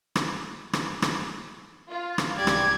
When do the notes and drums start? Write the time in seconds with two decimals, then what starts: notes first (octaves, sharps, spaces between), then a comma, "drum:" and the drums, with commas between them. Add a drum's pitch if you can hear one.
0.16 drum: rim click
0.73 drum: rim click
1.02 drum: rim click
1.89 F4
2.18 drum: rim click
2.38 C2 G4 D5 G#6
2.47 drum: rim click